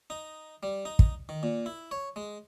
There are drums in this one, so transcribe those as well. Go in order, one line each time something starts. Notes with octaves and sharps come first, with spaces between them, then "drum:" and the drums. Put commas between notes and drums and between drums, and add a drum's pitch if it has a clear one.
D#4
G3
D#4
drum: kick
D#3
A#2
E4
C#5
G#3